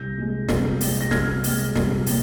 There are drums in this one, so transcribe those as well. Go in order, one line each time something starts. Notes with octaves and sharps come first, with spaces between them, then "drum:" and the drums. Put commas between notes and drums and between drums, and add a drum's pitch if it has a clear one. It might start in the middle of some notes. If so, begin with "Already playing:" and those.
Already playing: C2 G6 A#6
A#2 G#3
C2, drum: snare
A#2 G#3, drum: open hi-hat
A#6
C2 F6 G#6, drum: snare
A#2 G#3, drum: open hi-hat
C2, drum: snare
A#2, drum: open hi-hat